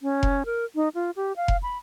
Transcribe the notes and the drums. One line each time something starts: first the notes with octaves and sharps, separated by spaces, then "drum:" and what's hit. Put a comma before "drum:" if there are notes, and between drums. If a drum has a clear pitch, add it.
C#4
drum: kick F1
A#4
D#4
F4
G4
F5
drum: kick F1
B5